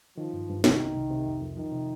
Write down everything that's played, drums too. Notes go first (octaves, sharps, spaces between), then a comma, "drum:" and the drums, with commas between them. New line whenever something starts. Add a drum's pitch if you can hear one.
D#3 F3
G2
G2
C3 D#3, drum: snare
C2
C2
C3
F2
F2
D#3 F3
C3